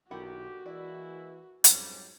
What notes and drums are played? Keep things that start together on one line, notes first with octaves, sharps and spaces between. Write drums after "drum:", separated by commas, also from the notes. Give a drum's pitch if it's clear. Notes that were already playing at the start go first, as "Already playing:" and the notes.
B1 A#2 D3 D#3 E4 F#4 G4 F#5
E3 G#3 A#3 E4 D5
F2 G#2 F#3 G3 C#4 A#5, drum: hi-hat